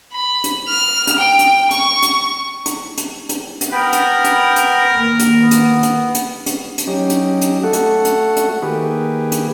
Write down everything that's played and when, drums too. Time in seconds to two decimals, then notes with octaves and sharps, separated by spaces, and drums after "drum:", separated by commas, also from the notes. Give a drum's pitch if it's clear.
0.13 B5
0.44 drum: hi-hat
0.68 F6
1.07 drum: hi-hat
1.19 G5
1.39 drum: hi-hat
1.71 C#6, drum: hi-hat
2.02 drum: hi-hat
2.66 drum: hi-hat
2.98 drum: hi-hat
3.29 drum: hi-hat
3.61 drum: hi-hat
3.72 B3 A#4 G5 B5
3.93 drum: hi-hat
4.24 drum: hi-hat
4.56 drum: hi-hat
4.95 D#3 A#3
5.20 drum: hi-hat
5.41 B3
5.51 drum: hi-hat
5.83 drum: hi-hat
6.15 drum: hi-hat
6.46 drum: hi-hat
6.78 drum: hi-hat
6.87 F#3 C#4 D#4 G4
7.10 drum: hi-hat
7.41 drum: hi-hat
7.63 A3 F#4 A4 F#5
7.73 drum: hi-hat
8.05 drum: hi-hat
8.37 drum: hi-hat
8.62 D#3 A#3 G4 G#4 B4
9.32 drum: hi-hat